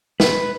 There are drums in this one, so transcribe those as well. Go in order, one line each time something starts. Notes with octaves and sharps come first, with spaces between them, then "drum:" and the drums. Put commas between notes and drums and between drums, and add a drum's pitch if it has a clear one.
B4, drum: snare